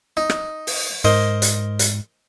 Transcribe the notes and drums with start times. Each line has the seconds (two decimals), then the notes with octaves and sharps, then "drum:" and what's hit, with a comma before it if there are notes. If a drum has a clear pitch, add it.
0.17 D#4
0.30 drum: rim click
0.67 drum: open hi-hat
1.04 G#2 A#4 C5 D#5
1.42 drum: hi-hat
1.79 drum: hi-hat